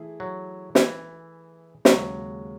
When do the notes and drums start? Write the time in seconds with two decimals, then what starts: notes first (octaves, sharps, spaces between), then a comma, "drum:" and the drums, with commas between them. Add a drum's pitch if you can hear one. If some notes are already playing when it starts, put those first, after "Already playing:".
Already playing: E3 A3 E4 G#4
0.20 F#3
0.75 E3, drum: snare
1.85 D#2 C#3 F#3 G#3, drum: snare